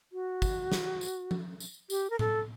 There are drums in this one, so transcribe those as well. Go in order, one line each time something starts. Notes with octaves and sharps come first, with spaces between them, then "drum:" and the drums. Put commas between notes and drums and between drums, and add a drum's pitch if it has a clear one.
F#4
drum: kick, tambourine
drum: snare
drum: tambourine
drum: tom F3
drum: tambourine
G4, drum: tambourine
A#4
A4, drum: tom A2